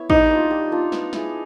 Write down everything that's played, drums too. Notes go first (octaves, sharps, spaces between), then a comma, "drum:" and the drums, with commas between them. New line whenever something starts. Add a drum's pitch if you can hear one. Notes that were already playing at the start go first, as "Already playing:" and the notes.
Already playing: B3 E4 C#5
G3 D#4, drum: kick A1
A#3 D4 F4
G3
A#3 D4 F4
B3, drum: snare
E4 G#4, drum: snare